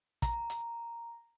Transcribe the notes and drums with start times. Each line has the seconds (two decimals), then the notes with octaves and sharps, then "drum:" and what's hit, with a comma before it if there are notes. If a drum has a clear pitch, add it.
0.22 A#5, drum: kick, hi-hat
0.50 drum: hi-hat